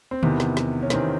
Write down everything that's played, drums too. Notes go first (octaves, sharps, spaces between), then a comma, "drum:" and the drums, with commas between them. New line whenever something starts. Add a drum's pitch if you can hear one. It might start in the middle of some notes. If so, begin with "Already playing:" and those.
C4
E2 C3 D#3 B3, drum: tom D3
drum: snare
drum: snare
C#4
E2 C3 D#3 C4, drum: snare